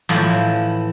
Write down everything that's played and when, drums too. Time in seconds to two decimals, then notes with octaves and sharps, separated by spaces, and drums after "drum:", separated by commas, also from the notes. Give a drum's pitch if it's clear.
0.09 A2 E3 F3, drum: snare